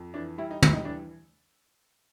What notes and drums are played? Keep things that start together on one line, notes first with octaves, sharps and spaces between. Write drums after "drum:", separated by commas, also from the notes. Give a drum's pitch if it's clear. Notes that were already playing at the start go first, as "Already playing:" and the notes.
Already playing: F2
E3 D4
G3 E4
D#4
G3 E4, drum: tom
D#4
E3 D4